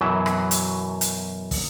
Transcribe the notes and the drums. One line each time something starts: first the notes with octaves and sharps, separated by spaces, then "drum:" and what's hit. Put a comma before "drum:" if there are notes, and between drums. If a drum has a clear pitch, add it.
F#2 B2 E3 F#3 E5
drum: rim click
drum: hi-hat
drum: hi-hat
drum: kick, open hi-hat